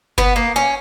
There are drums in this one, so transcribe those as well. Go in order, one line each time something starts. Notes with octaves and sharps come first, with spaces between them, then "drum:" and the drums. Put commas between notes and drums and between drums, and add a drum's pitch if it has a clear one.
B3, drum: kick F#1
A#3
C#4